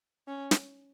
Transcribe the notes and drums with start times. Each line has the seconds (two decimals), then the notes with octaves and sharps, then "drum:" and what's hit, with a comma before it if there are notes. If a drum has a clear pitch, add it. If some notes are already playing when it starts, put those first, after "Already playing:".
0.28 C#4
0.51 drum: snare